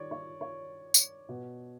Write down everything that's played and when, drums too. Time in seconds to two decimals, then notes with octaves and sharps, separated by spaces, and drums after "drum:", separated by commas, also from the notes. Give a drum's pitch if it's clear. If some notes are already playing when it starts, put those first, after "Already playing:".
Already playing: D#3 C#5 D5
0.11 C#5
0.41 C#5
0.94 drum: tambourine
1.29 B2